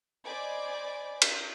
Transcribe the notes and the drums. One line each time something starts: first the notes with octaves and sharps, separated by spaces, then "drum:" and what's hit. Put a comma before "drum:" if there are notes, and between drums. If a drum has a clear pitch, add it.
C5 D5 D#5 G#5 B5 D6
drum: cymbal